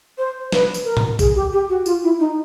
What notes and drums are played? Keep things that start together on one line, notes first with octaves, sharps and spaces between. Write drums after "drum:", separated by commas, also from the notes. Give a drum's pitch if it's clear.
C5
B4, drum: snare
drum: tambourine
A#4
drum: tom G#2
G#4, drum: kick B1, tambourine
G4
G4
F#4
F4, drum: tambourine
E4
D#4